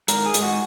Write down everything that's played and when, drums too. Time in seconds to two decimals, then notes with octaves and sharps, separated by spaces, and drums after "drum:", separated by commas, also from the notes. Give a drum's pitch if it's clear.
0.08 G#2 A#4, drum: hi-hat
0.26 G#4
0.34 G#2, drum: hi-hat
0.42 F#4